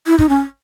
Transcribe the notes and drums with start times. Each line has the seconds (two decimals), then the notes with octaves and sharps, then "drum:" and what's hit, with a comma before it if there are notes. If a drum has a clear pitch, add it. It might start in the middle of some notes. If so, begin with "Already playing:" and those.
0.07 E4
0.19 D#4, drum: kick
0.29 C#4